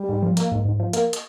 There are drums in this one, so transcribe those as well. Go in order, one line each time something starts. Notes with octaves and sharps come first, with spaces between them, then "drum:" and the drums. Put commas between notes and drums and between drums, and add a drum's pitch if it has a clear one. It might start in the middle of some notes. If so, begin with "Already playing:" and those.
Already playing: G3
G#2
F3
A#3, drum: hi-hat
G#2
G#2
F3
A#3, drum: hi-hat
drum: hi-hat